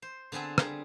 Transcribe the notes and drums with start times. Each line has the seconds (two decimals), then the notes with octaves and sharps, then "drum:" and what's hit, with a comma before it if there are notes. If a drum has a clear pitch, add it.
0.02 C5
0.32 D3 B3 C4 G#4 A4
0.58 G3 G#4, drum: rim click